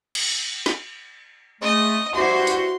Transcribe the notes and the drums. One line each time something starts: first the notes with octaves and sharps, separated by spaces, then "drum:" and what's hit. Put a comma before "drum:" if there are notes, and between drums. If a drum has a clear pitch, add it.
drum: cymbal
drum: snare
G#3 A3 D#5
G2 E4 F#4 G4 C5 C6
drum: hi-hat